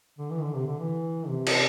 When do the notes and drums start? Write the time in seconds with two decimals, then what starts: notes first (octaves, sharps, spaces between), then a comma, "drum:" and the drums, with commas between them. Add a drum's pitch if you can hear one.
0.19 D3
0.31 E3
0.42 D3
0.55 C3
0.67 D3
0.80 E3
1.28 C3
1.47 drum: cymbal